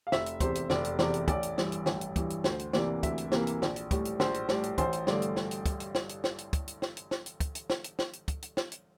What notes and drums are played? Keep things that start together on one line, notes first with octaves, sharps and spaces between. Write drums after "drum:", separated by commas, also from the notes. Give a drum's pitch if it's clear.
F5
F1 E5, drum: snare
drum: hi-hat
E2 C3 C5, drum: kick, hi-hat
drum: hi-hat
F1 D5, drum: snare
drum: hi-hat
E2 C3 D5, drum: snare
drum: hi-hat
A1 D5, drum: kick, hi-hat
drum: hi-hat
G2 E3, drum: snare
drum: hi-hat
A1, drum: snare
drum: hi-hat
G2 E3, drum: kick, hi-hat
drum: hi-hat
D2 C5, drum: snare
drum: hi-hat
C3 E3 A#3 D5, drum: snare
D2 E5, drum: kick, hi-hat
drum: hi-hat
C3 E3 A#3, drum: snare
drum: hi-hat
A#1, drum: snare
drum: hi-hat
A2 G3, drum: kick, hi-hat
drum: hi-hat
A#1 C5, drum: snare
drum: hi-hat
A2 G3 D5, drum: snare
drum: hi-hat
A1 C5, drum: kick, hi-hat
drum: hi-hat
G2 D3 A3 D5, drum: snare
drum: hi-hat
drum: snare
drum: hi-hat
drum: kick, hi-hat
drum: hi-hat
drum: snare
drum: hi-hat
drum: snare
drum: hi-hat
drum: kick, hi-hat
drum: hi-hat
drum: snare
drum: hi-hat
drum: snare
drum: hi-hat
drum: kick, hi-hat
drum: hi-hat
drum: snare
drum: hi-hat
drum: snare
drum: hi-hat
drum: kick, hi-hat
drum: hi-hat
drum: snare
drum: hi-hat